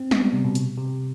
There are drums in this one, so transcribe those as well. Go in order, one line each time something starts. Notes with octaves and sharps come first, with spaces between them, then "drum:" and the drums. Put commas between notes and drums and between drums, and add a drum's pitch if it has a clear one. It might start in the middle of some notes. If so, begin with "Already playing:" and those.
Already playing: C4
B3, drum: snare
G3
C3
B2
C3, drum: hi-hat
C3